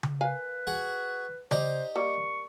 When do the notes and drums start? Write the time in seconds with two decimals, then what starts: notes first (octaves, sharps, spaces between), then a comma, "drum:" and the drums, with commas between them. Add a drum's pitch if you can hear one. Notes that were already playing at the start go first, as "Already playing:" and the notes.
0.03 drum: tom C#3
0.21 A#4 B4 F5 G#5
0.67 F#4 G#4 F#5
1.51 D#4 G4 C5 D5 A#5, drum: tom C#3
1.96 G3 A#3 C#6